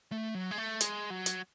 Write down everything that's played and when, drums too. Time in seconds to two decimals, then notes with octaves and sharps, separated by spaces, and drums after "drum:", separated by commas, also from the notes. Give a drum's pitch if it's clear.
0.12 A3
0.34 F#3
0.51 G#3
0.58 A3
0.80 G#3, drum: hi-hat
1.10 F#3
1.26 drum: hi-hat